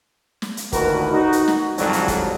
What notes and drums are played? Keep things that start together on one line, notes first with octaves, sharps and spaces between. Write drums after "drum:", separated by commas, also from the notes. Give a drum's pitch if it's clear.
drum: snare
drum: hi-hat
D2 A#2 D#3 F#4 A#4 B4, drum: kick, hi-hat
D#4 F#4
drum: hi-hat
drum: snare
C2 F2 G#2 D3 F#3 G3, drum: hi-hat
drum: hi-hat
drum: kick, hi-hat